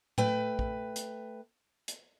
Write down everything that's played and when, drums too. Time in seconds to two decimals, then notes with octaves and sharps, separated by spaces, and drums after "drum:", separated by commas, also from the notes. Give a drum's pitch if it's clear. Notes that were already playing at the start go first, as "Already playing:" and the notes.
0.18 A3 B4 G5, drum: tom A2
0.59 drum: kick A#1
0.96 drum: hi-hat
1.88 drum: hi-hat